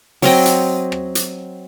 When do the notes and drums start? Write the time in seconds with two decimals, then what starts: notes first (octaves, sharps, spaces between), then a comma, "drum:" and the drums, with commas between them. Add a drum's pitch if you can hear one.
0.22 F#3 C4 D#5 G5, drum: open hi-hat
0.46 drum: hi-hat
0.92 drum: rim click
1.15 drum: hi-hat